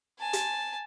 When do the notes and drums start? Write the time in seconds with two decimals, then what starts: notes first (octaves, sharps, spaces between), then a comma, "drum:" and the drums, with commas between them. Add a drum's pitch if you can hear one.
0.19 G#5 A5
0.33 drum: hi-hat